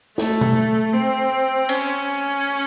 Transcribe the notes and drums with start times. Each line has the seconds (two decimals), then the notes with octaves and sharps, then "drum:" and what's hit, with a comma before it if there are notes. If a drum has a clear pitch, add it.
0.18 A3, drum: snare
0.41 drum: tom B2
0.93 C4
1.69 C#4, drum: cymbal